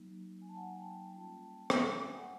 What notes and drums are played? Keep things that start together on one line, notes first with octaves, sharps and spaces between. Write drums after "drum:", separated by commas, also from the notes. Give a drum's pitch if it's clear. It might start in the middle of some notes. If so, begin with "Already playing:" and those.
Already playing: F#3 A#3 D#4
G#5
A5
F#5 G#5
G5 A5
G3 A#3 C#4 F4 G5 A5
drum: rim click
G#5
G5
F#5 G#5